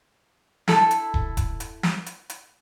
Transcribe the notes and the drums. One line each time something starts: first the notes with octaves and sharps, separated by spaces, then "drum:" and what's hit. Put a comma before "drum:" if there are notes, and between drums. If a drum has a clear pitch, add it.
E4 A4, drum: snare
drum: hi-hat
drum: kick D#1
drum: kick D#1, hi-hat
drum: hi-hat
drum: snare
drum: hi-hat
drum: hi-hat